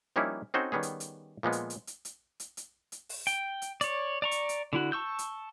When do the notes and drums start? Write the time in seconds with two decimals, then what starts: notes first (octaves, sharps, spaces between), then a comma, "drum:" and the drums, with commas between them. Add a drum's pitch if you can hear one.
0.16 F3 G3 A#3 C#4 D#4 E4
0.54 C4 C#4 D#4 F#4 A4 C5
0.72 D#3 G3 B3 C#4 G#4
0.83 drum: hi-hat
1.00 drum: hi-hat
1.43 A#2 F3 G#3 B3
1.52 drum: hi-hat
1.70 drum: hi-hat
1.87 drum: hi-hat
2.05 drum: hi-hat
2.40 drum: hi-hat
2.57 drum: hi-hat
2.92 drum: hi-hat
3.09 drum: open hi-hat
3.27 G5, drum: hi-hat
3.62 drum: hi-hat
3.81 C#5 D5, drum: hi-hat
4.22 D5 A#5 C#6
4.31 drum: hi-hat
4.49 drum: hi-hat
4.73 D3 E4 F#4
4.92 A5 C#6 E6 G6
5.19 drum: hi-hat